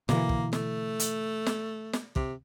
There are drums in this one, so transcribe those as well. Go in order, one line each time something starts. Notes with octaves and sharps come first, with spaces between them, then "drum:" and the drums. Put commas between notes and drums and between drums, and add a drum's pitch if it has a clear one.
B2 D3 E3 A#3, drum: snare
drum: kick
A3, drum: snare
drum: hi-hat
drum: snare
drum: snare
C3, drum: kick